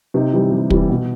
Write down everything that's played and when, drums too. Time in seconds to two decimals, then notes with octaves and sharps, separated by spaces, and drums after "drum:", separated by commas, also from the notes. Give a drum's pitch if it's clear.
0.14 C3 D#4
0.33 E3 G3
0.52 C3
0.70 E3 G3, drum: kick
0.89 B2